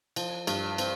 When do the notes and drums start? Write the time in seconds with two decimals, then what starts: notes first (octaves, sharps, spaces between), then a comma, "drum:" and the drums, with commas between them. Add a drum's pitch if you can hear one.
0.16 F3, drum: cymbal
0.47 G2, drum: cymbal
0.78 C4, drum: cymbal